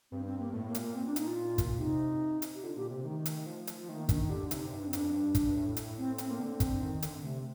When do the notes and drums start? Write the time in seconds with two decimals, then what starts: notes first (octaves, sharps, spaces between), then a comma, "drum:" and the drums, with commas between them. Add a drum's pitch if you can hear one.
0.11 G2 C4
0.26 C4
0.39 A#3
0.53 A2 A3
0.68 A#3
0.75 A#2, drum: hi-hat
0.82 A#3
0.95 C4
1.06 D4
1.16 D#4, drum: hi-hat
1.27 F4
1.58 drum: kick, hi-hat
1.79 C3 D#4
2.42 drum: hi-hat
2.54 G4
2.63 D3 F4
2.76 A#2 G4
2.90 C3 G4
3.04 D#3 A3
3.26 drum: hi-hat
3.46 F3
3.67 drum: hi-hat
3.89 D#3 A3
3.98 A#3
4.09 D#3 D4, drum: kick, hi-hat
4.20 D#4
4.30 D3 G4
4.51 C3 D#4, drum: hi-hat
4.72 G2 D#4
4.80 D4
4.88 C4
4.93 F2 D4, drum: hi-hat
5.14 G2
5.35 drum: kick, hi-hat
5.56 A2
5.77 drum: hi-hat
5.98 C4
6.18 C4, drum: hi-hat
6.31 A#3
6.39 D3 C4
6.60 drum: kick, hi-hat
6.81 D#3
7.02 D3, drum: hi-hat
7.23 C3 A3